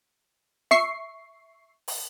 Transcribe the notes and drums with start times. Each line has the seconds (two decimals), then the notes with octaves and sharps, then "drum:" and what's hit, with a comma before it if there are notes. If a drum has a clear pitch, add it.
0.71 E5 C#6 C7, drum: snare
1.88 drum: open hi-hat